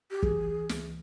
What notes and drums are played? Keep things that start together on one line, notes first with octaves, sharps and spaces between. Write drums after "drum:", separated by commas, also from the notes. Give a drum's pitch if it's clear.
G4
E3 G#4, drum: kick
C#2
C#2, drum: snare